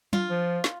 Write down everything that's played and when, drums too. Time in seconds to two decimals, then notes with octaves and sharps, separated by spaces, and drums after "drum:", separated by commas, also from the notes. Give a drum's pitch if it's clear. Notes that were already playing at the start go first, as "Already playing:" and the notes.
0.13 F4, drum: tom F#3
0.30 F3
0.64 drum: snare